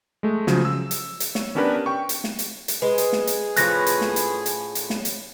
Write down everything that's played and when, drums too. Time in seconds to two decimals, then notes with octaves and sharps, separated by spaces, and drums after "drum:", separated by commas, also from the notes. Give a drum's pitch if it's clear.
0.23 G#3 A3
0.47 C#3 F3 F#3, drum: snare
0.65 E6
0.91 drum: hi-hat
1.20 drum: hi-hat
1.35 C#5, drum: snare
1.55 B3 C#4 D4 G4 A#4 B4
1.86 G5 C#6
2.09 drum: hi-hat
2.24 drum: snare
2.39 drum: hi-hat
2.68 drum: hi-hat
2.82 G#3 G#4 B4
2.98 drum: hi-hat
3.13 drum: snare
3.27 drum: hi-hat
3.56 A2 F3 C#4 F#6 A#6, drum: hi-hat
3.87 drum: hi-hat
4.01 drum: snare
4.16 drum: hi-hat
4.46 drum: hi-hat
4.75 drum: hi-hat
4.90 drum: snare
5.05 drum: hi-hat